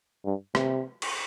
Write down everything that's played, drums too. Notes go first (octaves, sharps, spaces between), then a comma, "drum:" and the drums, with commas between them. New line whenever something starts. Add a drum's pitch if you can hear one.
G2
C3, drum: rim click
drum: cymbal